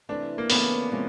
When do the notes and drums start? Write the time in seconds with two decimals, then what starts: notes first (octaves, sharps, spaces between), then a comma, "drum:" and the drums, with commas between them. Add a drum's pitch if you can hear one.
0.09 C3 E3 A3 D4
0.38 A#3
0.50 C#3 E3 A3 B3, drum: open hi-hat
0.92 C3 F3 G#3 C#4